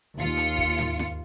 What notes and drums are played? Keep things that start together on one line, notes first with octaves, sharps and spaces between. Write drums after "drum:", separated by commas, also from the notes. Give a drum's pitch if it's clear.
D#2 F4 C#7
drum: hi-hat
drum: kick
drum: tom
drum: snare